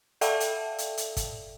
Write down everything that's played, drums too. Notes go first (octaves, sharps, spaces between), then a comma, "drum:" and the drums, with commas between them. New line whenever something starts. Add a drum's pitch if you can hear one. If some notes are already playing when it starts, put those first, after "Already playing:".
A4 D5 E5 F5 G5 A5, drum: hi-hat
drum: hi-hat
drum: hi-hat
drum: hi-hat
drum: kick G1, hi-hat